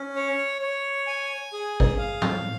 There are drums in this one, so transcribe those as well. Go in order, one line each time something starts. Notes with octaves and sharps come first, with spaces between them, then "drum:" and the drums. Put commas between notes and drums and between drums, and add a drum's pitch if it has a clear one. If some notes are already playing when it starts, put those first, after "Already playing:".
Already playing: C#4
C#5
C#5
G#5
G#4
drum: kick G#1
F5
drum: tom A2